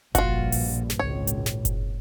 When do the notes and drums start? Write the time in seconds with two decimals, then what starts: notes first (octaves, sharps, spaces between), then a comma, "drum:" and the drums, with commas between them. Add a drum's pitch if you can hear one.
0.15 A#1 G2 F4 F#4, drum: kick F#1, hi-hat
0.52 drum: open hi-hat
0.90 drum: snare
0.99 G#1 C#2 A#2 C#5
1.27 drum: hi-hat
1.46 drum: snare
1.65 drum: kick F#1, hi-hat